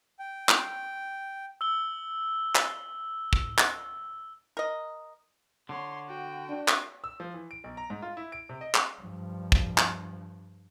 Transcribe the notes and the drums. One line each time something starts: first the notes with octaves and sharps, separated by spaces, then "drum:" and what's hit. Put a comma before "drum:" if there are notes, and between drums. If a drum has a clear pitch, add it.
G5
drum: clap
E6 G7
drum: clap
drum: kick
drum: clap
A#4 D#5
D3 C#5 C6
F#4 G5
D4
drum: clap
E6
F3
E3
D7
B1
A#5
G#2
F4
E4
D7
C3
D#5
drum: clap
G2 F3
drum: kick
drum: clap